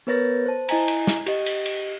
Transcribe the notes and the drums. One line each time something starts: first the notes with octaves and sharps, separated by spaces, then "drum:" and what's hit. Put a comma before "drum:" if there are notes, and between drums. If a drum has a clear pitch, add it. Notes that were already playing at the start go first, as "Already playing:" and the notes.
B3 A#4 B4 C#5 A6 A#6
C5 A5
E4 D#5 G#5 A#5, drum: cymbal
drum: cymbal
drum: snare
G4 D#5, drum: cymbal
drum: cymbal
drum: cymbal